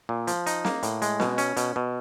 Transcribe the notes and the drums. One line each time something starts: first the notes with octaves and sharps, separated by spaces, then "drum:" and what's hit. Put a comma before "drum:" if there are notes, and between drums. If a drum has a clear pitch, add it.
A#2
F3, drum: hi-hat
D#4, drum: hi-hat
A#3, drum: snare
A2, drum: hi-hat
G#3, drum: hi-hat
B2, drum: snare
C#4, drum: hi-hat
B2, drum: hi-hat
B2